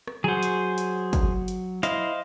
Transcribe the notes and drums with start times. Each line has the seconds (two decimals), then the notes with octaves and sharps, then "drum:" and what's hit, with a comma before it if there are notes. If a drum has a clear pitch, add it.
0.07 drum: rim click
0.24 F#3 F#4 G#4 C5
0.43 drum: hi-hat
0.78 drum: hi-hat
1.13 drum: kick, hi-hat
1.48 drum: hi-hat
1.83 E4 C5 D#5 F5, drum: hi-hat